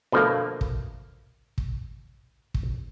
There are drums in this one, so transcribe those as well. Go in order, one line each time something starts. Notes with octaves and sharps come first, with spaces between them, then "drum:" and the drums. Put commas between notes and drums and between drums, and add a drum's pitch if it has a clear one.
B2 D3 F3 A3 A#3
drum: kick
drum: kick
drum: kick